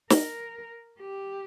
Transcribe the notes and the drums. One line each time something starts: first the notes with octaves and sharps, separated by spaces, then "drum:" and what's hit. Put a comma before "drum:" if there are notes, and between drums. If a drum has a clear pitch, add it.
A#4, drum: snare
G4